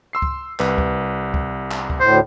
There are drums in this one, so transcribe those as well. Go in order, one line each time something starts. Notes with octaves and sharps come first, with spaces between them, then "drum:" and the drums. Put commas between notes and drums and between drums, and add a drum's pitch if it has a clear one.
C6 E6 C7
drum: kick C#2
C2 B4, drum: clap
drum: kick C#2
drum: kick C#2
drum: clap
drum: kick C#2
D2 A2 C5